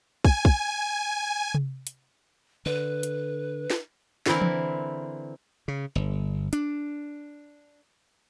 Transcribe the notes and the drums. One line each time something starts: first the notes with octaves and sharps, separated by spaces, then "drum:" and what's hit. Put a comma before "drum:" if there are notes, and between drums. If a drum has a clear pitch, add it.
G#5, drum: kick
drum: kick
drum: tom C3
drum: hi-hat
D3 B4
drum: hi-hat
drum: snare
D3 E3 C4 E4 A#4, drum: snare
drum: tom E3
C#3
G1
D4, drum: hi-hat